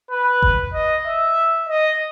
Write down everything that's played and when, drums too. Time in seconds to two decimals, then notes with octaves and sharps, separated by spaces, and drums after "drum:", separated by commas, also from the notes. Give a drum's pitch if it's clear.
0.11 B4
0.42 drum: kick F#1
0.74 D#5
1.06 E5
1.69 D#5